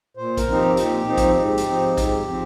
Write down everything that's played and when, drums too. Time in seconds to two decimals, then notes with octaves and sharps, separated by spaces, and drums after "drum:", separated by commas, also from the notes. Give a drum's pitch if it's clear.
0.17 A#2 C5
0.37 A#4, drum: kick, hi-hat
0.48 F3 C4 D#4
0.57 G4
0.77 A#2 G4, drum: hi-hat
1.07 F3 C4 D#4
1.17 drum: kick, hi-hat
1.37 G#2
1.57 drum: hi-hat
1.67 F3 C4 D#4
1.97 G#2 G4, drum: kick, hi-hat
2.28 F3 C4